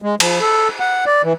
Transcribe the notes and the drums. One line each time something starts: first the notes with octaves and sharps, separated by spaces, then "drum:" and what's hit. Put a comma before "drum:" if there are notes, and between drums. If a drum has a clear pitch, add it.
G#3
F3, drum: cymbal
A4
F#5
D5
E3